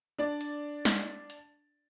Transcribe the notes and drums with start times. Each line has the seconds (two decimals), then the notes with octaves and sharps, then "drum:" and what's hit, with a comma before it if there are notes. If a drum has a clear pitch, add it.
0.18 D4 D5
0.41 drum: hi-hat
0.85 drum: snare
1.30 drum: hi-hat